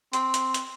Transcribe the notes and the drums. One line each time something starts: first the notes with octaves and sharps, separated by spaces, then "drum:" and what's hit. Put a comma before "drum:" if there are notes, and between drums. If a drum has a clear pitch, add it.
C4, drum: hi-hat
drum: hi-hat
drum: hi-hat